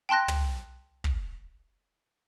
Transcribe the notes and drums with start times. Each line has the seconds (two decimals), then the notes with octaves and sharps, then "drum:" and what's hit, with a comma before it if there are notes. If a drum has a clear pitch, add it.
0.09 G5 A5 C6 F#6 A#6
0.28 drum: tom
1.04 drum: kick